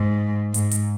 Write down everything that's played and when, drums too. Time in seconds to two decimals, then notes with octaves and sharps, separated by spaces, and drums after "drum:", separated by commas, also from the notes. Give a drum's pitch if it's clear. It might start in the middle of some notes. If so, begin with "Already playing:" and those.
Already playing: G#2
0.54 G#2, drum: hi-hat
0.71 drum: hi-hat